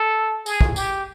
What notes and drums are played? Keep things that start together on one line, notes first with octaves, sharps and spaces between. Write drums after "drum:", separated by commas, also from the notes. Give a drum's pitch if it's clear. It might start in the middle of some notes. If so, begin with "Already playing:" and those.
Already playing: A4
G#4, drum: tambourine
drum: kick
G4, drum: tambourine